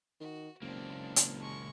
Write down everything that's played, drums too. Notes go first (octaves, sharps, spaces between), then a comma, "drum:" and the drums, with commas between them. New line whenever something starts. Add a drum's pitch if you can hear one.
D#3 F#4
F#1 C#2 A#3 C4 D4
drum: hi-hat
G#3 C#6